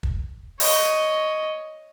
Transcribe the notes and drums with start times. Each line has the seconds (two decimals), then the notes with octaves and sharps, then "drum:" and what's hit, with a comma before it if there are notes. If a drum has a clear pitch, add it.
0.03 drum: kick
0.60 C#5 D#5, drum: open hi-hat